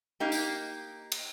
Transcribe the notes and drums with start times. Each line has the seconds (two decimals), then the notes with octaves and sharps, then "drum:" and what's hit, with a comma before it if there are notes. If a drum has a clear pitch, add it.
0.20 A#3 D#4 G4
0.32 drum: tambourine
1.12 drum: cymbal